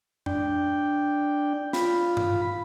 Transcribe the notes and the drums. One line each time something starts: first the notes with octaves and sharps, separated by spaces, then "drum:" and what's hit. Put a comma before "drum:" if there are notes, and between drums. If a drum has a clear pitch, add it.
D4 G5, drum: tom F2
F4 B5, drum: snare
drum: tom G2